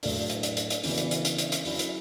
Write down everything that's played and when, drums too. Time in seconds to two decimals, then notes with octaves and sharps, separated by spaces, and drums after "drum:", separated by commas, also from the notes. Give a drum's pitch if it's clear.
0.03 A2 F#3 A3 D4 A4, drum: open hi-hat
0.30 drum: hi-hat
0.43 drum: hi-hat
0.57 drum: hi-hat
0.70 drum: hi-hat
0.83 C#3 E3 B3 D4 F#4, drum: open hi-hat
0.98 drum: hi-hat
1.11 drum: hi-hat
1.25 drum: hi-hat
1.38 drum: hi-hat
1.52 drum: hi-hat
1.65 F#3 C#4 E4, drum: open hi-hat
1.79 drum: hi-hat